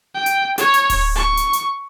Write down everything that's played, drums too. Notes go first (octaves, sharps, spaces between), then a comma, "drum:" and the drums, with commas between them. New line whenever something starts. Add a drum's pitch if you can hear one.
G5
drum: hi-hat
C#5, drum: hi-hat
drum: hi-hat
drum: kick D1, open hi-hat
C#6
drum: hi-hat
drum: hi-hat